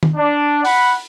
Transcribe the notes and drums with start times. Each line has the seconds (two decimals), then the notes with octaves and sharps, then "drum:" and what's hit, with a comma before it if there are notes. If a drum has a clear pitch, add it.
0.03 drum: tom
0.17 D4
0.65 F#5 B5, drum: open hi-hat